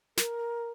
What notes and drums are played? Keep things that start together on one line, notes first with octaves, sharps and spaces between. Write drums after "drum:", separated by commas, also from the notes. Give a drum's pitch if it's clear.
A#4, drum: snare